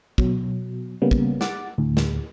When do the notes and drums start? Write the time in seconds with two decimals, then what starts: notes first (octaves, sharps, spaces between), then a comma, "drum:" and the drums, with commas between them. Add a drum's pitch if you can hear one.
0.18 B2 F#3, drum: kick
1.02 C#3 G3 A#3 B3 C#4
1.11 drum: kick
1.41 F#5 D6 A6, drum: snare
1.78 D2 A2
1.97 drum: snare